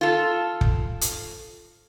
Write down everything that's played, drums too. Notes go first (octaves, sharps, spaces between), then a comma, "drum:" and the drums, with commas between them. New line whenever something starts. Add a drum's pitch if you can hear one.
F4 A4
drum: kick
drum: hi-hat